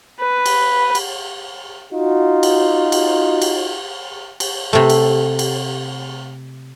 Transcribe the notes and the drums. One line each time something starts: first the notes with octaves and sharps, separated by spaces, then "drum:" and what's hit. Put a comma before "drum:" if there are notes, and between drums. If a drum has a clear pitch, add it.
B4
drum: cymbal
drum: cymbal
D#4 F4 F#4
drum: cymbal
drum: cymbal
drum: cymbal
drum: cymbal
C3 A3
drum: cymbal
drum: cymbal